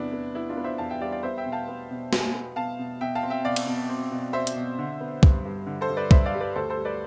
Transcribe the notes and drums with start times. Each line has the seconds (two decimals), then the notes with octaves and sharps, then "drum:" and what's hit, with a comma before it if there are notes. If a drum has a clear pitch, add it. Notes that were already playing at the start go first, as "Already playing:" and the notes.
Already playing: E2 C3 B3 D4 E4
0.13 B3
0.35 B3 E4
0.49 D4 F4
0.57 B3
0.64 C5 E5
0.78 E2 F5 A5
0.90 E5 G5
1.01 G3 D5 F5
1.12 D5 F5
1.23 B3 C5 E5
1.38 E5 G5
1.46 B2
1.52 F5 A5
1.68 B3
1.90 B2
2.13 B2, drum: snare
2.34 B3
2.56 B2 F5 A5
2.79 B2
3.01 B2 E5 G5
3.15 F5 A5
3.23 C4
3.30 E5 G5
3.44 B2 D5 F5
3.56 drum: cymbal
3.67 B2
3.89 C4
4.11 B2
4.33 C4 C5 E5
4.47 drum: hi-hat
4.56 B2
4.79 D3
5.00 B3
5.23 G2, drum: kick
5.45 G2
5.67 D3
5.81 A4 C5
5.89 G2
5.97 B4 D5
6.11 G2 C5 E5, drum: kick
6.26 D5 F5
6.34 G3
6.40 B4 D5
6.56 D2 A4 C5
6.70 A4 C5
6.77 G3
6.85 B4 D5